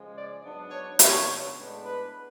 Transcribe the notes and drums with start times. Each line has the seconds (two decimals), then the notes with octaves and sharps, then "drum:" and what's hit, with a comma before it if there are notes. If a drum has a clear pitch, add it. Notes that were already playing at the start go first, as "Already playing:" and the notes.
Already playing: C#3 F3 G#3
0.15 D5
0.42 G#2 F#3 B3 D4
0.71 C#5
0.99 F#2 C#3 F#3 B3 D4 C#5, drum: hi-hat
1.55 A2 G#3 B3 D4
1.84 B4